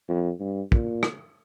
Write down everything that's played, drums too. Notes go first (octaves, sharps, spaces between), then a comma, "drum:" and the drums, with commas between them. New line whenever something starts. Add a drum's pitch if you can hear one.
F2
G2
A#2, drum: kick
drum: rim click